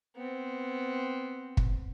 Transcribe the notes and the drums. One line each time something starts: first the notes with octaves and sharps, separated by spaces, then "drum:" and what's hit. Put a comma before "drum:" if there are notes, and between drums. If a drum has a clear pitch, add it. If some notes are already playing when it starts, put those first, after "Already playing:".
B3 C4
drum: kick